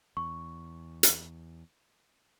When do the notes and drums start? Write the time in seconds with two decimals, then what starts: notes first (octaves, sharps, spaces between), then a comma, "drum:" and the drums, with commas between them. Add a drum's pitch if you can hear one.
0.17 E2 C#6
1.03 drum: hi-hat